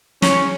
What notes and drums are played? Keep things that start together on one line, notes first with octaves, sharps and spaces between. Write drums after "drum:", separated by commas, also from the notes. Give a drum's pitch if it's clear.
C#4, drum: snare